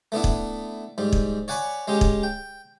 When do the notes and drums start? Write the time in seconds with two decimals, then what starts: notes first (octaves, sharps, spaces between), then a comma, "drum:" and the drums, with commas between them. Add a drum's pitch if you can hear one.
0.12 A3 B3 D4 E4
0.24 drum: kick
0.98 G#2 G3
1.13 drum: kick
1.48 C#5 D5 F#5 G#5 B5 C#6
1.88 G#3 C#4 G4
2.01 drum: kick
2.23 G5